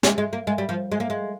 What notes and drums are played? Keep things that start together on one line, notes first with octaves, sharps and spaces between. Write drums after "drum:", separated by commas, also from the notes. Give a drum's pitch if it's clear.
G#3, drum: snare
G#3
A#3
G#3
G3
F3
G#3
A#3
G#3